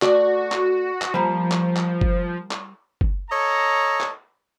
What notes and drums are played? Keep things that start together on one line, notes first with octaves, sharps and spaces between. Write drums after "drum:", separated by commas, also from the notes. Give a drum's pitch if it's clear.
A3 F#4 D5, drum: clap
drum: clap
drum: clap
F3 G3 A#3
drum: clap
drum: clap
drum: kick F#1
drum: clap
drum: kick F#1
A4 C#5 D#5 A5 A#5
drum: clap